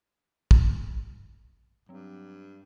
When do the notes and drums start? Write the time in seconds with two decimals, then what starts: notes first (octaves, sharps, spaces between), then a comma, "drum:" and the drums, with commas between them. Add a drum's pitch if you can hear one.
0.51 drum: kick
1.89 G2 F#3 C4